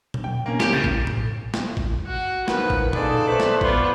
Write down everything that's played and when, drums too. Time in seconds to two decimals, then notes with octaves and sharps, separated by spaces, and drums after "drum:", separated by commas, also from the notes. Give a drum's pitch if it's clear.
0.14 drum: tom A#2
0.24 G5
0.46 A#3 C#4
0.60 G4, drum: snare
0.73 C#3 A6
0.84 drum: kick G#1
1.07 drum: tom A2
1.54 drum: snare
1.77 drum: kick G#1
2.06 F#4 F#5
2.48 D#3 F3 B4, drum: snare
2.70 drum: kick G#1
2.93 D#4 F4 G#4 A4 D5 A5, drum: tom A#2
3.27 A3 B4 C5
3.40 drum: snare
3.61 B3 F4 D5, drum: kick G#1